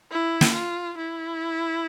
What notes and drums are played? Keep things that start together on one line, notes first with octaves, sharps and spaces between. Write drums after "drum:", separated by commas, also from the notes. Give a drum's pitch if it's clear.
E4
drum: snare
F4
E4